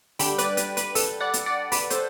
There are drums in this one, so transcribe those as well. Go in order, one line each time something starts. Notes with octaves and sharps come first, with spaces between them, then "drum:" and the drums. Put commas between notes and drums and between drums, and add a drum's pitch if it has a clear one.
D3 G3 D4 G5 B5, drum: open hi-hat
B4 D5, drum: hi-hat
B4, drum: hi-hat
B4, drum: hi-hat
A4, drum: open hi-hat
D5 F#5
drum: hi-hat
D5 F#5
B4 D5, drum: open hi-hat
A4 C5, drum: hi-hat